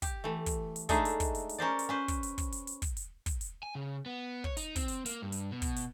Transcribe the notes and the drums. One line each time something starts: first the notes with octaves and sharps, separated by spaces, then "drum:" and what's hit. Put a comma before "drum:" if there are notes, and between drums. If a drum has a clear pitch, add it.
G4, drum: kick, hi-hat
E3 A3
drum: kick, hi-hat
drum: hi-hat
G#3 A3 D4 D#4 G#4 E5, drum: kick, hi-hat
drum: hi-hat
drum: kick, hi-hat
drum: hi-hat
drum: hi-hat
C#4 A#4 C5 D5
drum: hi-hat
C#4 B4 C5
drum: kick, hi-hat
drum: hi-hat
drum: kick, hi-hat
drum: hi-hat
drum: hi-hat
drum: kick, hi-hat
drum: hi-hat
drum: kick, hi-hat
drum: hi-hat
G#5
C#3
B3
C#5, drum: kick
D#4, drum: hi-hat
C4, drum: kick, hi-hat
drum: hi-hat
A#3, drum: hi-hat
G2
drum: hi-hat
B2
drum: kick, hi-hat
drum: hi-hat